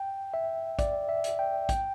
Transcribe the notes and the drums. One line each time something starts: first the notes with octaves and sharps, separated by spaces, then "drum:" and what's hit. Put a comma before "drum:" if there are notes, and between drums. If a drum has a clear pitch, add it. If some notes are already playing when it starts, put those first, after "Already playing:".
Already playing: G5
E5
D5, drum: kick A1, hi-hat
E5
drum: hi-hat
G5
G5, drum: kick A1, hi-hat